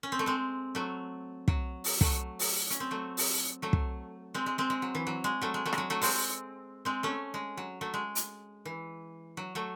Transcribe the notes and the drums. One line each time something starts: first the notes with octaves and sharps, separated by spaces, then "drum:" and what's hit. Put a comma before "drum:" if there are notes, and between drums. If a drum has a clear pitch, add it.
C#4
C4
A3
G#3 C4
F#3 A3
F#3, drum: kick
drum: open hi-hat
F#3 A3, drum: kick
drum: open hi-hat
C#4, drum: hi-hat
C4
F#3 A3
drum: open hi-hat
F#3 A3
drum: kick
G#3 C4
G#3
G#3 C4
G#3
F#3
E3
F#3
G#3
F#3 A3
G#3
F#3 A3
G#3, drum: rim click
F#3
F#3 A3
G#3 C4, drum: open hi-hat
G#3 C4
A3 C#4
G#3
F#3
F#3 A3
G#3
drum: hi-hat
E3
F#3
F#3 A3